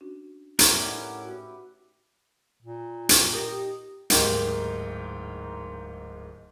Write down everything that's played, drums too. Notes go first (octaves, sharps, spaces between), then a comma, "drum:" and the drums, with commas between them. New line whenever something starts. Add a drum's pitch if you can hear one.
C#4 D4 F#4
A2 C#4 A#4 B4 E5, drum: hi-hat
D#4 G4 D5 F#5
F#4
A#2
drum: hi-hat
D#4 G4 A#4
D1 G#2 A#3 D#4 G4, drum: hi-hat